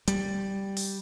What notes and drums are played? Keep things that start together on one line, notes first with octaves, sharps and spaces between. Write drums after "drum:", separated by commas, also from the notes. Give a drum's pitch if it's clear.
G3, drum: hi-hat
drum: open hi-hat